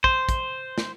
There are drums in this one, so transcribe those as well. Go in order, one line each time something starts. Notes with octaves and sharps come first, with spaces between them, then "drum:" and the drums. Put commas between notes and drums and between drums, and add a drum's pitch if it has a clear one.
C5, drum: kick
drum: kick, hi-hat
drum: snare